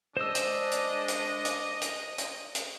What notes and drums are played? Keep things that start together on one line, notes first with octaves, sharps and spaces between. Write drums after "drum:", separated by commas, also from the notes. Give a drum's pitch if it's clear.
G#3 D4 C5 D#5 E6
drum: hi-hat
drum: hi-hat
drum: hi-hat
drum: hi-hat
drum: hi-hat
drum: hi-hat
drum: hi-hat